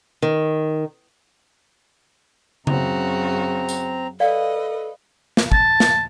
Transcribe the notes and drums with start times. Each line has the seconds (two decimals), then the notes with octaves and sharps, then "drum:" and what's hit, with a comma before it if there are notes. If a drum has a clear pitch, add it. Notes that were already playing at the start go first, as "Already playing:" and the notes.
0.22 D#3
2.67 F#2 C#3 C4 F#4 A#5, drum: tom C#3
3.69 drum: tambourine
4.20 A4 B4 D5 D#5 F5
5.37 drum: snare
5.52 A5, drum: kick
5.80 drum: snare